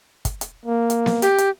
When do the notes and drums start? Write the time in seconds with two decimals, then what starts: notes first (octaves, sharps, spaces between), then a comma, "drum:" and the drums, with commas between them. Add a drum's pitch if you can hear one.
0.25 drum: kick, hi-hat
0.41 drum: hi-hat
0.66 A#3
0.90 drum: hi-hat
1.06 drum: snare B3
1.22 G4, drum: hi-hat
1.38 drum: hi-hat